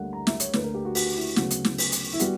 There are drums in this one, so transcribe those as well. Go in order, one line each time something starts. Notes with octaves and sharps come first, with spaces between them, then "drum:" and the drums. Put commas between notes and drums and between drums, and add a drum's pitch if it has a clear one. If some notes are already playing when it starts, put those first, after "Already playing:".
Already playing: D2 D3 G3 A#3 F#5
A#5
E5, drum: snare
C#5, drum: hi-hat
D2 D3 A#3 B4, drum: snare
A#4
G4
F#4
F#4, drum: open hi-hat
E4
D2 C#3 F#3 B3 F#4, drum: snare
drum: hi-hat
drum: snare
drum: open hi-hat
drum: hi-hat
E4
G3 B3 F#4, drum: hi-hat